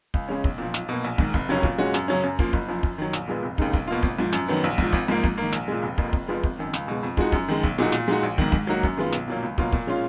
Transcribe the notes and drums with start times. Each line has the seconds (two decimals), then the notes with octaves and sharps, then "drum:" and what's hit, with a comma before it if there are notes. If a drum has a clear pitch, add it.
0.14 C#2, drum: kick
0.28 C#3 G#3 C#4
0.44 B1, drum: kick
0.58 A#2 F3
0.74 B1, drum: snare
0.89 B2 A#3
1.04 A#1
1.18 G#2 D#3, drum: kick
1.34 F1, drum: kick
1.49 D#2 C#3 F#3 C#4
1.63 A#2, drum: kick
1.78 G#3 C#4 F#4
1.94 F#2, drum: snare
2.08 C#3 F#3 C#4
2.23 F#2
2.39 F3 A#3, drum: kick
2.53 F#1, drum: kick
2.68 F#2 F3
2.83 F#2, drum: kick
2.98 D#3 F#3
3.13 A#1, drum: snare
3.28 A#2 G#3 B3
3.43 F1
3.58 D#2 C#3 G#3 D#4, drum: kick
3.73 B1, drum: kick
3.88 B2 A#3 F4
4.03 G#1, drum: kick
4.19 G#2 F3
4.33 F#2, drum: snare
4.48 D#3 F#3 B3
4.64 A#1
4.78 G#2 F3, drum: kick
4.92 G#1, drum: kick
5.08 G#2 F3 A#3
5.24 G#2, drum: kick
5.38 D#3 A#3
5.52 A#1, drum: snare
5.68 A#2 G#3
5.83 F1
5.98 F2 F3 A#3, drum: kick
6.13 F1, drum: kick
6.28 F2 F3 G#3 B3
6.43 G#1, drum: kick
6.59 F#2 D#3
6.74 C#2, drum: snare
6.88 B2 G#3
7.03 F2
7.17 F3 G#3 D#4 F#4, drum: kick
7.32 F#2, drum: kick
7.48 D#3 G#3
7.63 B1, drum: kick
7.78 A#2 G#3 D#4 F#4
7.92 A#2, drum: snare
8.08 G#3 D#4 F#4
8.23 A#1
8.38 G#2 D#3, drum: kick
8.52 G#2, drum: kick
8.67 F#3 A#3 D#4 F#4
8.83 F#2, drum: kick
8.97 D#3 G#3 B3 F4
9.12 B1, drum: snare
9.28 A#2 F#3 A#3
9.43 C#2
9.58 B2 F#3 A#3 F4, drum: kick
9.72 A#2, drum: kick
9.87 G#3 C#4 F4